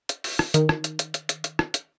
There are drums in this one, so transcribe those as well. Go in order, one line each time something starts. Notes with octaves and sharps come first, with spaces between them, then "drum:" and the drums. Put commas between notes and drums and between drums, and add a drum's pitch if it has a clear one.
drum: hi-hat
drum: open hi-hat
drum: rim click
D#3, drum: hi-hat
drum: rim click
drum: hi-hat
drum: hi-hat
drum: hi-hat
drum: hi-hat
drum: hi-hat
drum: rim click
drum: hi-hat